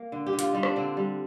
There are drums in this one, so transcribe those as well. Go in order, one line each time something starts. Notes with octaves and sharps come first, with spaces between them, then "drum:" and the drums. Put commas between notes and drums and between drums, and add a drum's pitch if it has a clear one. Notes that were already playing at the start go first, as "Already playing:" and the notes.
Already playing: A#3
D3
G4
D3
F4, drum: hi-hat
G3 D#4
D4, drum: rim click
D3 C4
G3